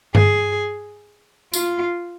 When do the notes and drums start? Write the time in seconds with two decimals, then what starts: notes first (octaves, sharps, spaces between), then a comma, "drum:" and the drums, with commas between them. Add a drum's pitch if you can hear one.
0.15 G#4, drum: tom G2
1.53 F4, drum: tambourine